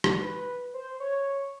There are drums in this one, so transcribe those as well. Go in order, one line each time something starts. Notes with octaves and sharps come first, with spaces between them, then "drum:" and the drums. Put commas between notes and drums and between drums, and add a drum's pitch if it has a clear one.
drum: rim click
B4
C5
C#5